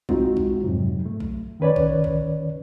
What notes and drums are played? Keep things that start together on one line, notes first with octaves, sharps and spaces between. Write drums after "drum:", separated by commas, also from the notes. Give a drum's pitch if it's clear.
G#3 C4 D#4 F4 F#4, drum: kick A#1
drum: kick A#1
F2 G#2 C3 F#3
A3
drum: kick A#1
D#3 C#4 B4 C#5 D5
drum: kick A#1
drum: kick A#1